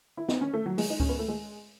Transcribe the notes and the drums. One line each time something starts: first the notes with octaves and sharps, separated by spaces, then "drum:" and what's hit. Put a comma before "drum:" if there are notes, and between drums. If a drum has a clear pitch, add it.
E4
D#4, drum: snare
C#4
A3
F#3
G#3, drum: open hi-hat
D#4
C#4, drum: kick C#2
B3
A3
G#3